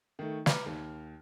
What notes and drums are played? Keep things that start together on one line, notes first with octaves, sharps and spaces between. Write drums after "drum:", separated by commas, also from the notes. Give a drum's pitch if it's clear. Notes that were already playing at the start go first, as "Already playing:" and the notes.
D#3 A3
B4 A#5 B5 D6 F6, drum: snare
D#2